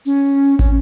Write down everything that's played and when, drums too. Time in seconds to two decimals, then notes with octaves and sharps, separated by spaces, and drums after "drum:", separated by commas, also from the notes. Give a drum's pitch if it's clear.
0.06 C#4
0.59 C#4, drum: kick